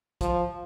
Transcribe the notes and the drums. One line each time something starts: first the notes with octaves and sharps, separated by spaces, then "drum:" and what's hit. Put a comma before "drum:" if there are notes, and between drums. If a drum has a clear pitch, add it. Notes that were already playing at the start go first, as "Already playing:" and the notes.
F3, drum: kick, hi-hat